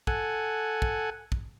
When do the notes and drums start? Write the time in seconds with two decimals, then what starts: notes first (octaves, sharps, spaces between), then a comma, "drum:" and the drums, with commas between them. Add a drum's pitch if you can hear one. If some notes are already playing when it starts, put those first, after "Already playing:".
0.07 A4 F#5 G#5, drum: kick
0.82 drum: kick
1.32 drum: kick